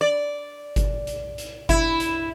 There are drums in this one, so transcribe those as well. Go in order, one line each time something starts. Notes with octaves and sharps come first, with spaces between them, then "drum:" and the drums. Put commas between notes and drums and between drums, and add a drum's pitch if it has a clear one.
D5
drum: kick G1, hi-hat
drum: hi-hat
drum: hi-hat
E4, drum: kick G1, hi-hat
drum: hi-hat